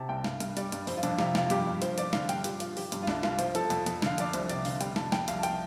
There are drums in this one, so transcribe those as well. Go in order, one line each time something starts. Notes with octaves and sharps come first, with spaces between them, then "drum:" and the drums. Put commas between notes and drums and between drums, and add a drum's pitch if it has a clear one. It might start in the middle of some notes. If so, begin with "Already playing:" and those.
Already playing: C3 A5
C2 G5
G2 F5, drum: snare
G2, drum: hi-hat
G3 D5, drum: hi-hat
G2, drum: hi-hat
F2 C5, drum: open hi-hat
F4
F2 D4, drum: hi-hat
C3 F4, drum: snare
F2 F4, drum: snare
G2 G4, drum: hi-hat
G2
F3 C5, drum: hi-hat
F3 D5, drum: hi-hat
D3 F5, drum: snare
G2 G5, drum: hi-hat
F3 G4, drum: hi-hat
F3 F4, drum: hi-hat
F3 G4, drum: open hi-hat
G2, drum: hi-hat
F4
C2 D4, drum: snare
C2 F4, drum: snare
F3 C5, drum: hi-hat
F3 A4, drum: hi-hat
F2, drum: hi-hat
F2, drum: hi-hat
D3 F5, drum: snare
F2 D5, drum: hi-hat
C2 C5, drum: hi-hat
C3 D5, drum: hi-hat
D3 F5, drum: open hi-hat
G3 G5, drum: hi-hat
F2 A5, drum: snare
F2 G5, drum: snare
C2 F5, drum: hi-hat
A5
G5, drum: hi-hat